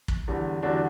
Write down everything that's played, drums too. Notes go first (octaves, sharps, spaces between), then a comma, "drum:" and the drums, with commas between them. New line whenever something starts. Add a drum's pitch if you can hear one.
drum: kick
E2 D3 G3
E2 D3 G3 D4 F#4